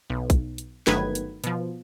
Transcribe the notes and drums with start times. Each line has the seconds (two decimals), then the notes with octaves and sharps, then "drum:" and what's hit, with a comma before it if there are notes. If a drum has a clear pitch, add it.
0.10 B1
0.30 drum: kick, hi-hat
0.58 drum: hi-hat
0.87 G1 D#3 F#3 A3 B4 G#6, drum: snare
1.15 drum: hi-hat
1.44 B2 F3, drum: hi-hat